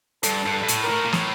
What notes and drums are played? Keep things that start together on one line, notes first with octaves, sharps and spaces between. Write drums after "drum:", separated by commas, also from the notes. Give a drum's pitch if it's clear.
G2 A4, drum: hi-hat
G2
A4
G2
A2, drum: hi-hat
A#4
A2
A#2
A2, drum: snare